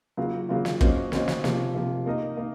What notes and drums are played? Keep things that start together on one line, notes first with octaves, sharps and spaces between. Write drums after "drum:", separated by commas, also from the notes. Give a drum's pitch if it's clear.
C#3 F#3 A#3 F4
C#3 F#3 A#3 F4
drum: snare
A#3 C#4 F#4 C5 D#5, drum: kick
A#3 C#4 F#4 C5 D#5, drum: snare
drum: snare
C3 F3 A#3, drum: snare
C3 F3 A#3
A#3 D#4 A#4 D#5
A#3 D#4